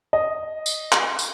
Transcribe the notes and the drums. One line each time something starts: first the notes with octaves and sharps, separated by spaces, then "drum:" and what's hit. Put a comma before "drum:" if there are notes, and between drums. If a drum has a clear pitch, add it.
D#5
drum: tambourine
drum: clap
drum: tambourine